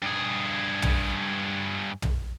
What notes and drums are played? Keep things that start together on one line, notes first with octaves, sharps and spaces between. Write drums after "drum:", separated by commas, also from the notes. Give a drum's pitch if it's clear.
G2 G#4
drum: tom
drum: tom